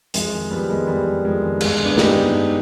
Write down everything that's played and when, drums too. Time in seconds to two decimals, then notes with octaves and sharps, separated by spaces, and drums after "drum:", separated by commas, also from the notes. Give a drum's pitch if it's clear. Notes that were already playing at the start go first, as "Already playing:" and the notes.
0.14 F2 G#3, drum: hi-hat
0.32 D#3
0.51 F2 G3 B3
0.69 D#3 G#3
0.87 F2 G3
1.06 D#3
1.24 F2 G#3
1.43 D#3
1.61 G2 G#3, drum: cymbal
1.79 D3
1.85 B3 D4
1.97 G2 D#4 G4, drum: snare
2.16 D3
2.34 G2